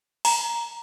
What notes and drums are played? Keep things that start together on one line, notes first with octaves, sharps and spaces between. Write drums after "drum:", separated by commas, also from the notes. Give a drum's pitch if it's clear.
A#5, drum: open hi-hat